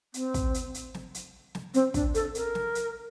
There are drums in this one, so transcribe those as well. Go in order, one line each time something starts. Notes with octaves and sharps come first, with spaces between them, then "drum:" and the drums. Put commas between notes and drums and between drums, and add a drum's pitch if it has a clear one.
C4, drum: hi-hat
drum: kick, hi-hat
drum: hi-hat
drum: hi-hat
drum: snare
drum: hi-hat
drum: snare
C4, drum: hi-hat
D4, drum: kick, hi-hat
A4, drum: hi-hat
A#4, drum: hi-hat
drum: snare
drum: hi-hat